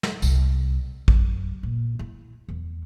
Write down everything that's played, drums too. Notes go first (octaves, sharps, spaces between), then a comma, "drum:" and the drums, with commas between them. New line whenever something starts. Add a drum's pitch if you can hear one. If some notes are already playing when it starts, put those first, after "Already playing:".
drum: snare
C2, drum: tambourine
F#2, drum: kick A1
A#2
E4
E2